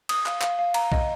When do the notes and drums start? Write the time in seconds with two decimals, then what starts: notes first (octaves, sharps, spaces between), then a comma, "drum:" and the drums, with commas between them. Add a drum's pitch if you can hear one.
0.09 D#6, drum: cymbal
0.26 F5, drum: clap
0.41 F5, drum: clap
0.59 F5
0.74 A#5, drum: cymbal
0.92 D#5, drum: kick B1